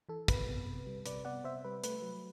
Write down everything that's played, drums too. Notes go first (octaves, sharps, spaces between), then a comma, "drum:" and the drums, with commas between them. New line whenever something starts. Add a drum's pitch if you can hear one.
E3 A4
C3 B4, drum: kick, hi-hat
B3
C3
G3
C3 B4 D5, drum: hi-hat
B3 D5 F#5
C3 C5 E5
G3 B4
A3 B4, drum: hi-hat
F#3